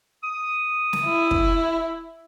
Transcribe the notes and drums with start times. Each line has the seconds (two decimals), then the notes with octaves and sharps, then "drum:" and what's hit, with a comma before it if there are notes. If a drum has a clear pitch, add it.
0.23 D#6
0.93 drum: snare
1.05 E4
1.31 drum: kick